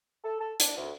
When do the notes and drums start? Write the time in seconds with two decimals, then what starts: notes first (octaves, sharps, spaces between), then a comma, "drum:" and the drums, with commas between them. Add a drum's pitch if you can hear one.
0.23 A4
0.39 A4
0.60 D4, drum: hi-hat
0.76 D2